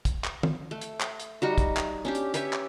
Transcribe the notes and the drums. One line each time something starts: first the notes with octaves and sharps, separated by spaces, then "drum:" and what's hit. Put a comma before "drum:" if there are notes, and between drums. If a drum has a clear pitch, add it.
drum: kick, hi-hat
drum: clap
drum: tom
A3
drum: hi-hat
drum: clap
drum: hi-hat
G3 D#4 F#4
drum: kick, hi-hat
drum: clap
C#4 D4 G4
drum: hi-hat
G4 B4 C#5 E5, drum: hi-hat
drum: clap